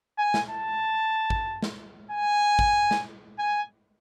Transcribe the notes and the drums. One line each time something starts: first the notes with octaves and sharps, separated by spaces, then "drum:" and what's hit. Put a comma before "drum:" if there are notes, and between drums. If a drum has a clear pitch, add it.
G#5
drum: snare
A5
drum: kick
drum: snare
G#5
drum: kick
drum: snare
G#5